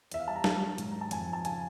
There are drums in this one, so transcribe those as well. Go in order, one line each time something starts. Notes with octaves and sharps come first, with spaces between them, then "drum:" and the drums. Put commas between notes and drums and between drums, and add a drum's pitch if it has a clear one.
E2 E5, drum: hi-hat
F5
G3 A5
A#5
F#3 A5, drum: snare
F#3
G#2, drum: hi-hat
D#3 A#5
A5
F2 G#5, drum: hi-hat
F2
A5
C#3 G#5, drum: hi-hat